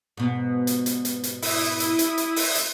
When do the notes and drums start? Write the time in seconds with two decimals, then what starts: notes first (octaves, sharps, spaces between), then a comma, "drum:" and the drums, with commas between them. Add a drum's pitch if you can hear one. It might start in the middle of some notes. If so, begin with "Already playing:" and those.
0.17 G#2 B2
0.67 drum: hi-hat
0.86 drum: hi-hat
1.05 drum: hi-hat
1.24 drum: hi-hat
1.42 E4 D#6, drum: open hi-hat
1.80 drum: hi-hat
1.99 drum: hi-hat
2.18 drum: hi-hat
2.36 drum: open hi-hat
2.55 drum: hi-hat